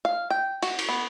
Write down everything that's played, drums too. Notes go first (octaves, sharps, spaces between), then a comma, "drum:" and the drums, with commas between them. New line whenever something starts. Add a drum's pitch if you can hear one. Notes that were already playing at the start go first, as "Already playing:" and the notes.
F5
G5
F#4, drum: cymbal
drum: cymbal
B3